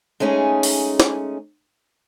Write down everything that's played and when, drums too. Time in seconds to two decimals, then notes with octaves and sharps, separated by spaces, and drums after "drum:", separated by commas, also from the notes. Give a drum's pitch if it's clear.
0.20 G#3 A3 C#4 D#4 G#4
0.63 drum: open hi-hat
1.00 drum: snare